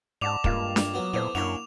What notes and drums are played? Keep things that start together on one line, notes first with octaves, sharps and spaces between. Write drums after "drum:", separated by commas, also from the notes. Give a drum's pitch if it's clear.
G#2 D5 F#5 A5 D6 F7
G2 G#3 A#3 F4, drum: kick
drum: snare D4
F#3 B3
A#2 B3 E4 A4 C5
F#2 A#3 D4 E4 C#5 F#5 C#6 F7